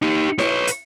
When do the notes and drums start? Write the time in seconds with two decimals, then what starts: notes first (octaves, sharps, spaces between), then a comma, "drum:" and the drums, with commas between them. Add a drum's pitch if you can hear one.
0.02 D#4 G4
0.39 B4 C#5, drum: snare E4
0.67 drum: hi-hat